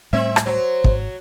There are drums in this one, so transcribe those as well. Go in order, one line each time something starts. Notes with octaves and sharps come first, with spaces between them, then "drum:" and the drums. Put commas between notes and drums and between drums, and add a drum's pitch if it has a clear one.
A2 G3 A3 C4 E5
drum: rim click
F#3 C5
G#1 G#2, drum: kick